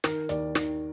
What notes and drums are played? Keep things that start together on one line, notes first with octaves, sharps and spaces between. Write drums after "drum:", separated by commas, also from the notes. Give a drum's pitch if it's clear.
D#3 A#4, drum: snare
D#2 D5, drum: hi-hat
D#3, drum: snare